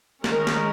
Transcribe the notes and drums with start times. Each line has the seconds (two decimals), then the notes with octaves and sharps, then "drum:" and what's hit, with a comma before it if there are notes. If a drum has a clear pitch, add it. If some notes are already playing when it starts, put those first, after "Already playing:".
0.24 D#3 G#3 C#4 A#4, drum: snare
0.47 drum: snare